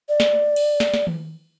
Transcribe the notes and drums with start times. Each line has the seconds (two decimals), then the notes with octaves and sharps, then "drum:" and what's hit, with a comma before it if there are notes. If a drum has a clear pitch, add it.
0.09 D5
0.20 drum: snare
0.56 drum: cymbal
0.80 drum: snare
0.94 drum: snare
1.07 drum: tom D#3